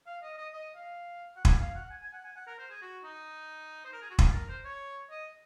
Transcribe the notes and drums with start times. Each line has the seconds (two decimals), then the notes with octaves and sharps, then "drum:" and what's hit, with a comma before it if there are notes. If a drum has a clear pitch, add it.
0.07 F5
0.22 D#5
0.38 D#5
0.53 D#5
0.76 F5
1.37 F#5
1.45 G#5, drum: kick
1.60 F5
1.75 F#5
1.91 G#5
2.02 G#5
2.13 F#5
2.24 G#5
2.36 F#5
2.47 A#4
2.59 C5
2.70 G#4
2.82 F#4
3.04 D#4
3.85 C5
3.93 A#4
4.02 G#4
4.10 F#4
4.19 F4, drum: kick
4.34 A#4
4.49 C5
4.65 C#5
5.10 D#5